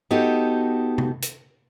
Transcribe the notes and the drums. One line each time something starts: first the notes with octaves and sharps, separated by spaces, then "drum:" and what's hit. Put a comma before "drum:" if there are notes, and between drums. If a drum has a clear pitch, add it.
B3 D#4 F#4 G4 A4
drum: tom C3
drum: hi-hat